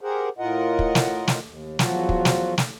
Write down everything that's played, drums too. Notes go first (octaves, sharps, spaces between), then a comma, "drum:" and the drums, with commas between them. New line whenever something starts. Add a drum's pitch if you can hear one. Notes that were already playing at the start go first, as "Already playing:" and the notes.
G4 G#4 A#4 C5 F#5
A2 F4 A#4 D#5 F#5
drum: kick
drum: snare
drum: snare
D#2
E2 F3 F#3 F4 F#4, drum: snare
drum: kick
drum: snare
drum: snare